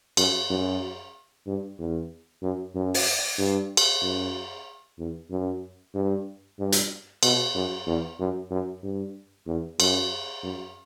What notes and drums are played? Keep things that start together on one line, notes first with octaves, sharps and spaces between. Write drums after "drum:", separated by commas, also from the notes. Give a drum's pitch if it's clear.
F#2, drum: cymbal
F#2
G2
E2
F#2
F#2
drum: open hi-hat
G2
drum: cymbal
F#2
E2
F#2
G2
G2
drum: hi-hat
B2, drum: cymbal
F#2
E2
F#2
F#2
G2
E2
F#2, drum: cymbal
F#2